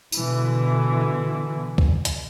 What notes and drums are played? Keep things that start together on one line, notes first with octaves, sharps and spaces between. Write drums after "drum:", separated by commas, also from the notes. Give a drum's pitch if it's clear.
B2 D3 E3, drum: tambourine
drum: kick
drum: hi-hat